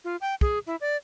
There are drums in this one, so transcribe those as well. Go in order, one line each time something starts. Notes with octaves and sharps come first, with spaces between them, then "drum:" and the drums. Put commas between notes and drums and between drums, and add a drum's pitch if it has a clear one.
F4
G5
G#4, drum: kick
E4
D5